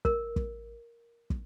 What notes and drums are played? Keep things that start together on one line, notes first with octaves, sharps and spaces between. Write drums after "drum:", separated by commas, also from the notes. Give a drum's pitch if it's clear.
A#4, drum: kick
drum: kick
drum: kick